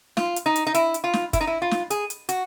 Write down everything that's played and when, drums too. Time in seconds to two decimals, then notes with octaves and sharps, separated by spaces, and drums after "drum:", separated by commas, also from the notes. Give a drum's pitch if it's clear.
0.17 F4, drum: snare
0.36 drum: hi-hat
0.46 D#4
0.56 drum: hi-hat
0.67 D#4
0.74 E4, drum: hi-hat
0.94 drum: hi-hat
1.04 F4
1.13 drum: snare
1.33 E4, drum: kick, hi-hat
1.41 D#4
1.47 E4
1.62 F4
1.71 drum: snare
1.90 G#4, drum: hi-hat
2.10 drum: hi-hat
2.29 F#4, drum: hi-hat